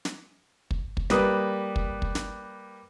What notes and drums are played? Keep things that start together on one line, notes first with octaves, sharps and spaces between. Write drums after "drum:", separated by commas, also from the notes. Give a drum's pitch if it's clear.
drum: snare
drum: kick
drum: kick
G3 A#3 B4 D#6, drum: snare
drum: kick
drum: kick
drum: snare